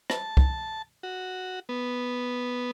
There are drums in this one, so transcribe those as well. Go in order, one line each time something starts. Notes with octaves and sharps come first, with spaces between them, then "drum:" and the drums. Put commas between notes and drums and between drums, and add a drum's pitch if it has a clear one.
A5, drum: rim click
drum: kick
F#4
B3